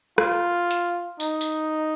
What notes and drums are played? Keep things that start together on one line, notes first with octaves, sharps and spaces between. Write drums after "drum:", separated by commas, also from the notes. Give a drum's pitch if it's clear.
F4, drum: rim click
drum: hi-hat
D#4, drum: tambourine
drum: tambourine